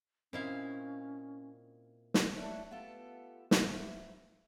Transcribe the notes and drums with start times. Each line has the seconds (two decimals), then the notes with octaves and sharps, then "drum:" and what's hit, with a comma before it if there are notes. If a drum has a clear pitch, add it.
0.33 A#2 C4 C#4 E4 C5 D#5 F5
2.14 drum: snare
2.35 A3 D4 E4 A4 C#5 F#5
2.71 B3 F4 G4 A4
3.51 G#2 E3 F3 E5, drum: snare